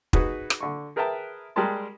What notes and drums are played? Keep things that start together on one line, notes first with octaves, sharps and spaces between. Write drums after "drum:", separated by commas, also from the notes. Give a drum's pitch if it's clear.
D#4 F#4 G#4 B4, drum: kick
drum: rim click
D3 C#6
G#4 A#4 B4 E5 G5 A5
G3 G#3 G4 A#4 A5 C6